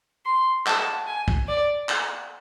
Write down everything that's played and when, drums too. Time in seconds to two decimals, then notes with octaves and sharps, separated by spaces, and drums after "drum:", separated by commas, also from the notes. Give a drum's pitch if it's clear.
0.26 C6
0.66 A5, drum: clap
1.07 G#5
1.28 drum: kick
1.48 D5
1.89 drum: clap